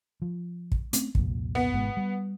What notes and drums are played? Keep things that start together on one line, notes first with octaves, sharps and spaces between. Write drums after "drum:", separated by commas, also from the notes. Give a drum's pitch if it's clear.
F3
drum: kick
A3 C4 C#4, drum: hi-hat
C2 F2 A#2, drum: kick
B3
G#1 G#2 B2
G3